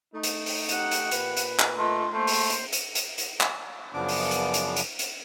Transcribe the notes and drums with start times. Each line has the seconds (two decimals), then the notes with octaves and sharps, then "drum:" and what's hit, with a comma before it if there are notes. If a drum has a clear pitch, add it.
0.13 A3 D#4
0.23 drum: hi-hat
0.46 drum: open hi-hat
0.69 G4 F#5, drum: hi-hat
0.91 drum: hi-hat
1.11 A#2 B4, drum: hi-hat
1.37 drum: hi-hat
1.59 drum: clap
1.78 A3 F4 D#5 C6
2.13 A3 A#3 C5
2.27 drum: open hi-hat
2.50 drum: hi-hat
2.73 drum: hi-hat
2.95 drum: hi-hat
3.18 drum: hi-hat
3.41 drum: clap
3.93 F#2 C#3 F3 B3 D4 D6
4.08 drum: open hi-hat
4.31 drum: hi-hat
4.54 drum: hi-hat
4.76 drum: hi-hat
4.99 drum: hi-hat